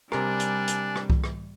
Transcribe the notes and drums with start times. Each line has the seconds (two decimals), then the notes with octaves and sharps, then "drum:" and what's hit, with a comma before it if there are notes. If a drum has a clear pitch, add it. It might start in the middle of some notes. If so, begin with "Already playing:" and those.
0.12 C3 G3 D4 A#4 G#5, drum: rim click
0.40 drum: hi-hat
0.68 drum: hi-hat
0.96 drum: rim click
1.10 drum: kick C2
1.24 drum: rim click